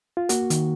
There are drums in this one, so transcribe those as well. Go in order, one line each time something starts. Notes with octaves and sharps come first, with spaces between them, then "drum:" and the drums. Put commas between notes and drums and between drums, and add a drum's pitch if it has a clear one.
F4
A#3 F#4, drum: hi-hat
D#3, drum: hi-hat